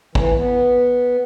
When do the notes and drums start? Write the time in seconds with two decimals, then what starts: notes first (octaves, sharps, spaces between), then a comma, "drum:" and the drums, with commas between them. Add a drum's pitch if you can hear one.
0.15 E3, drum: kick
0.36 B3